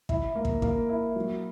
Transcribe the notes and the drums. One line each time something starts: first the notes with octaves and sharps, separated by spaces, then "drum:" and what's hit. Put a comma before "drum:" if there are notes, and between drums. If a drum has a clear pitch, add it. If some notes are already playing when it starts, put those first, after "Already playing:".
E4, drum: kick
A#3
drum: kick
A#3, drum: kick
E4
F#3